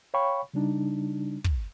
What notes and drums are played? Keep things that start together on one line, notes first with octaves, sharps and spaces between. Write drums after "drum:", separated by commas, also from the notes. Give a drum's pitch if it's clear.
C#5 F5 G5 B5 C#6
C#3 G3 D4 D#4
drum: kick